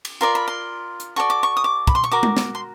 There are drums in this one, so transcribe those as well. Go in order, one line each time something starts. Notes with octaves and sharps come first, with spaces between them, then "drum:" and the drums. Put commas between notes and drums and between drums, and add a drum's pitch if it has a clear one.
drum: cymbal
F4 A#4 D5 C6
B5
C6
drum: hi-hat
F#4 A4 D5 C#6
D6
C#6
D#6
D6
B5, drum: kick
C6
C#6
F#4 A#4 D6
drum: tom G#3
drum: snare
C6